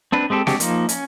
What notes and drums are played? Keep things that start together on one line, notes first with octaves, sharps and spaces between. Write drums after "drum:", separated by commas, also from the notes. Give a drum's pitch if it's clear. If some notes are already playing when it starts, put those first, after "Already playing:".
C4 D4 B4
G#3 C4 G4 A4
G#3 C4 D4 F#4 G4, drum: snare
F3 A#3 D#4, drum: hi-hat
C#4, drum: hi-hat